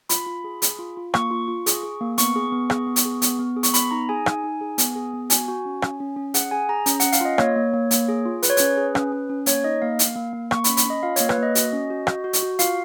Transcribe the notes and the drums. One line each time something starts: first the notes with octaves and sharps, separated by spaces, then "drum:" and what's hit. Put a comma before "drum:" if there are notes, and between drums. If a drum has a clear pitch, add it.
F4 B5, drum: hi-hat
F4
G#4
G#4, drum: hi-hat
F4
F4
A#3 C#6, drum: rim click
F4
F4
G#4, drum: hi-hat
G#4
A#3
B3 C#6, drum: hi-hat
G#4
B3
G#4, drum: rim click
B3
drum: hi-hat
G#4
B3, drum: hi-hat
B3
G#4
C#6, drum: hi-hat
B3 B5, drum: hi-hat
D#4 A#5
G#4 G#5
D#4, drum: rim click
D#4
G#4
B3, drum: hi-hat
G#4
B3
F#4 G#5, drum: hi-hat
F#4
C#4
C#4, drum: rim click
C#4
C#4
G#4 F#5, drum: hi-hat
G#4 G#5
G#4 A#5
C#4 A#5, drum: hi-hat
C#4 F#5, drum: hi-hat
F5, drum: hi-hat
F4 D#5
A#3 C#5, drum: rim click
A#3
A#3
A#3, drum: hi-hat
G#4
F4
G#4 B4, drum: hi-hat
C#5
C#4 B4, drum: hi-hat
G#4
C#4, drum: rim click
C#4
C#4
A#3 C#5, drum: hi-hat
D#4 D#5
A#3 F5
A#3, drum: hi-hat
A#3
A#3
A#3 C#6, drum: rim click
B5, drum: hi-hat
C#4
B5, drum: hi-hat
C#4 D#5
F4 F5
A#3 C#5, drum: hi-hat
B4, drum: rim click
A#3 D#5
F#4, drum: hi-hat
C#4
F#4
F#4, drum: rim click
F#4
drum: hi-hat
F#4
F4 F5, drum: hi-hat